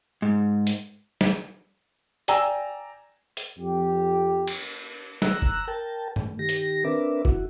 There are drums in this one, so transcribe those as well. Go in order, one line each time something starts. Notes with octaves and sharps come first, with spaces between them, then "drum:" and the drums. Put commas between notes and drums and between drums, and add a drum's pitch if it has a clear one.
G#2
drum: hi-hat
drum: snare
D5 G5 G#5 A#5 E6, drum: hi-hat
drum: hi-hat
F2 G4
drum: cymbal
A#5 E6 F#6, drum: snare
drum: kick
A#4 G5 A5
A3, drum: tom G2
D#3 G4 A#6
drum: hi-hat
C4 D4 A#4 B4 E5 D6
E4 F#4, drum: kick